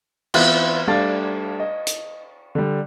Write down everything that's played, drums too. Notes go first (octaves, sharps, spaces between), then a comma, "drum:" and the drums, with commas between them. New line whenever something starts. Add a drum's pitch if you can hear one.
E3 B3 C4 E4 F4, drum: cymbal
G3 A3 D4 F5 A5 A6
D#5
drum: hi-hat
D3 G3